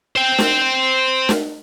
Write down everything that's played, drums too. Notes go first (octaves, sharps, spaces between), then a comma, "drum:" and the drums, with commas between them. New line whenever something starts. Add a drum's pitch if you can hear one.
C5 G5
drum: snare
drum: snare